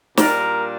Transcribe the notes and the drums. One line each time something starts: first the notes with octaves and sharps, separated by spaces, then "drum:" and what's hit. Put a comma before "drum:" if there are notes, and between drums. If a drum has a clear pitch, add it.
A#2 G3 D4 A#4 A#5, drum: snare